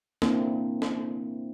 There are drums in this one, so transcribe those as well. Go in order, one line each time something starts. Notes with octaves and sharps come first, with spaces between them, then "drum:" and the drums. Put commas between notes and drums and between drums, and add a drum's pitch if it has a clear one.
A#3 C4 D4 E4, drum: snare
drum: snare